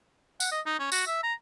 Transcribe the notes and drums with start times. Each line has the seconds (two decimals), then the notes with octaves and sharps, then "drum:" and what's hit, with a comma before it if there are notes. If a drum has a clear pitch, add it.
0.40 F#5, drum: tambourine
0.52 D#5
0.66 D#4
0.79 C#4
0.92 F#4, drum: tambourine
1.07 E5
1.23 A#5